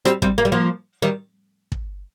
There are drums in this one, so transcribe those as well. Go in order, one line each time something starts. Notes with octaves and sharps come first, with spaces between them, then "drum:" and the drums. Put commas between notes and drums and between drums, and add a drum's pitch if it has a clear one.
G3 C4, drum: rim click
G3 C4, drum: kick
A#3
G3
F3 A#3
D#3 G3
drum: kick